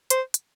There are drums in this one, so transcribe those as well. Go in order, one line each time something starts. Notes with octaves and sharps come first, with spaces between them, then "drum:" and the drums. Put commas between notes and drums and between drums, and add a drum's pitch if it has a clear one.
C5, drum: hi-hat
drum: hi-hat